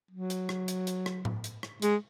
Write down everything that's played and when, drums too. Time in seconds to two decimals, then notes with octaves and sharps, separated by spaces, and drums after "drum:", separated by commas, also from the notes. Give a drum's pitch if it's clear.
0.11 F#3
0.30 drum: hi-hat
0.49 drum: rim click
0.68 drum: hi-hat
0.87 drum: hi-hat
1.06 drum: rim click
1.25 drum: tom A2
1.44 drum: hi-hat
1.63 drum: rim click
1.82 G#3, drum: hi-hat